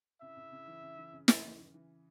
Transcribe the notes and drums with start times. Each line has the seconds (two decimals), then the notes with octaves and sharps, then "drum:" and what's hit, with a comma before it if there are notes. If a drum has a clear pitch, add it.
0.21 C#3 E4 E5
0.37 C#3
0.52 C#3
0.68 E3
0.83 C#3
0.97 E3
1.13 C#3
1.28 E3, drum: snare
1.44 E3
1.59 E3
1.74 E3